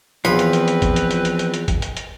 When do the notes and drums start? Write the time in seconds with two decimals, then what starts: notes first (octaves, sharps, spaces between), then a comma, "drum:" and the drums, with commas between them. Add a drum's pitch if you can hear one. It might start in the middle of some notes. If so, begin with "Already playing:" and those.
0.25 E2 F3 C4 B4 B5, drum: hi-hat
0.39 drum: hi-hat
0.53 drum: hi-hat
0.68 drum: hi-hat
0.82 drum: kick, hi-hat
0.96 drum: hi-hat
1.11 drum: hi-hat
1.25 drum: hi-hat
1.39 drum: hi-hat
1.54 drum: hi-hat
1.68 drum: kick, hi-hat
1.82 drum: hi-hat
1.97 drum: hi-hat